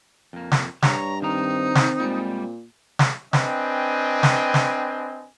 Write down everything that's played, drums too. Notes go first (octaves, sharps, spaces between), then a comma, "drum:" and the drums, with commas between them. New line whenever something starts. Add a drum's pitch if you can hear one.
F2 A#3
drum: snare
G2 C#5 A#5, drum: snare
D#3 C4 D#4 A#5
drum: snare
A#2 G3 G#3
drum: snare
C4 D4 B4 D#5 G5 G#5, drum: snare
drum: snare
drum: snare